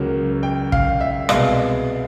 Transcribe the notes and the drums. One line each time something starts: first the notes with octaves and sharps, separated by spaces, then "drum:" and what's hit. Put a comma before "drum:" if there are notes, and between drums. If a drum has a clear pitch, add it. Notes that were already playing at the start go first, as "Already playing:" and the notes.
Already playing: C#2 C#3 F#3 A#3
G5
F5, drum: kick
E5
C2 B2 G#3 F5, drum: rim click